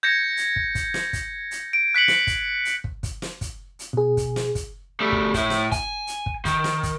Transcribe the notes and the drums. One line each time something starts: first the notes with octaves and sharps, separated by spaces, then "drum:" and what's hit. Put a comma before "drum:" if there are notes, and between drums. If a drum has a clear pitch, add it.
G6 G#6 A#6 C#7
drum: hi-hat
drum: kick
drum: kick, hi-hat
drum: snare
drum: kick, hi-hat
drum: hi-hat
D7
F#6 B6 C#7 F#7
drum: snare
drum: kick, hi-hat
drum: hi-hat
drum: kick
drum: kick, hi-hat
drum: snare
drum: kick, hi-hat
drum: hi-hat
B2 G#4
drum: kick, hi-hat
drum: snare
drum: kick, hi-hat
G3 A3
drum: kick
A2 E4, drum: kick, hi-hat
drum: snare
G#5, drum: kick, hi-hat
drum: hi-hat
drum: kick
D#3, drum: kick, hi-hat
drum: snare
drum: kick, hi-hat